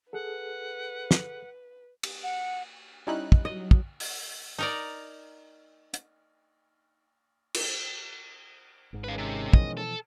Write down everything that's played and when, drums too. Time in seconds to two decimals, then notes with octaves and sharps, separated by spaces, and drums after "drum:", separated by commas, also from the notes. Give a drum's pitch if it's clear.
0.13 G#4 A4 B4 F#5
1.11 drum: snare
2.03 drum: cymbal
2.23 F#5
3.07 G3 C#4 D#4 E4 F#6
3.32 drum: kick
3.45 F#3 D#5
3.71 drum: kick
4.00 drum: open hi-hat
4.58 D#4 A#4 D5
5.94 drum: hi-hat
7.54 drum: cymbal
8.93 G#1 G#2
9.04 D#3 G#3 C#4 B4 F5
9.18 C3
9.53 B2 E3 F3 D#5, drum: kick
9.77 A4